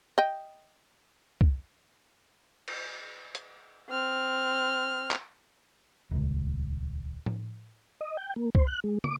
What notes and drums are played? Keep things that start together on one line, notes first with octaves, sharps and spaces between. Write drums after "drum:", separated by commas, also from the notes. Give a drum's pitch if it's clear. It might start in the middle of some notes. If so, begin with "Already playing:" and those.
D#5 G5
drum: kick C2
drum: cymbal
drum: hi-hat
C4 F6
drum: clap
D#1 C#2
drum: tom A2
D#5
G5
A#3
C5, drum: kick C2
F#6
G#3
D6, drum: tom